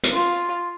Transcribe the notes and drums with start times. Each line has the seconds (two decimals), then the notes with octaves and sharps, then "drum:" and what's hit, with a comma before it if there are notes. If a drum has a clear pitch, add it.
0.03 drum: hi-hat
0.13 F4